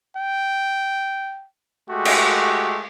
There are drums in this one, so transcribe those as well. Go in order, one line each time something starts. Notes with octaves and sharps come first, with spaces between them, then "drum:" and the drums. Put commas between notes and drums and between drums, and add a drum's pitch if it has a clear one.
G5
G#3 A3 F#4 G4
drum: cymbal